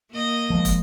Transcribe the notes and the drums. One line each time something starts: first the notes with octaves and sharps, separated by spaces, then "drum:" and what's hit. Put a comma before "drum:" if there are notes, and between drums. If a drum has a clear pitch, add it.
A#3 D#5
F3 G#3
drum: kick, hi-hat